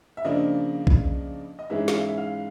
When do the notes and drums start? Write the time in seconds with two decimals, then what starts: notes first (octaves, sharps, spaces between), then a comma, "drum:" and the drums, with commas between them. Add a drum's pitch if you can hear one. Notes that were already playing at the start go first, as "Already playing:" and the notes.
0.17 E5
0.25 C#3 F3 A#3 D4 D#5
0.87 drum: kick B1
1.59 D#5
1.70 G#2 E3 G#3 C#4 E5
1.88 F5, drum: snare
1.93 E5
2.08 E5
2.17 F5